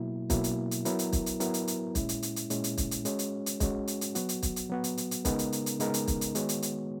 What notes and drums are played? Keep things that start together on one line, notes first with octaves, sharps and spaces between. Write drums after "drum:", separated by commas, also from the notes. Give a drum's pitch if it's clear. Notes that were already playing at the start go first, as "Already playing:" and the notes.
Already playing: B2 F#3 A#3 E4
B2 F#3 A#3 E4, drum: kick, hi-hat
drum: hi-hat
drum: hi-hat
F#3 B3 E4 A#4, drum: hi-hat
drum: hi-hat
drum: kick, hi-hat
drum: hi-hat
F#3 B3 E4 A#4, drum: hi-hat
drum: hi-hat
drum: hi-hat
A#2 G#3 C#4 E4, drum: kick, hi-hat
drum: hi-hat
drum: hi-hat
drum: hi-hat
A#2 G#3 C#4 E4, drum: hi-hat
drum: hi-hat
drum: kick, hi-hat
drum: hi-hat
G#3 C#4 F#4 C#5, drum: hi-hat
drum: hi-hat
drum: hi-hat
G#3 C#4 F#4 C#5, drum: kick, hi-hat
drum: hi-hat
drum: hi-hat
F#3 B3 F#4, drum: hi-hat
drum: hi-hat
drum: kick, hi-hat
drum: hi-hat
F#3 B3 F#4
drum: hi-hat
drum: hi-hat
drum: hi-hat
C#3 G#3 B3 D#4 A#4, drum: kick, hi-hat
drum: hi-hat
drum: hi-hat
drum: hi-hat
C#3 G#3 B3 D#4 A#4, drum: hi-hat
drum: hi-hat
drum: kick, hi-hat
drum: hi-hat
D#3 G#3 B3 F#4 C#5, drum: hi-hat
drum: hi-hat
drum: hi-hat